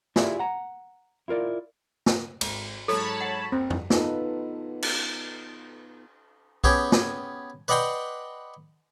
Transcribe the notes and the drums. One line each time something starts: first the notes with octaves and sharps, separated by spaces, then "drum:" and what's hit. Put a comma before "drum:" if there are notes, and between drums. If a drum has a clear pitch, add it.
E4 F4 G4 G#4 D5 E5, drum: snare
F#5 A#5
E4 F4 A#4 D5
drum: snare
G#1, drum: cymbal
G#2 F#3 A4 C#5 A5 B5
F#5
F#1 C4
drum: tom F2
B3 D#4 F4 A4 B4, drum: snare
drum: cymbal
B3 C#4 G4 G#4 G5, drum: kick B1
drum: snare
B4 D5 D#5 F#5 G5 C6